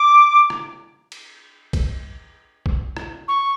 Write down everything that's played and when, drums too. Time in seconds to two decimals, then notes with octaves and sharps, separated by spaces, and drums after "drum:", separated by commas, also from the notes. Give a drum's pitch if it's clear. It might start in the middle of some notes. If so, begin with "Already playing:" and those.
Already playing: D6
0.50 drum: rim click
1.12 drum: cymbal
1.73 drum: kick, cymbal
2.66 drum: kick
2.97 drum: rim click
3.28 C#6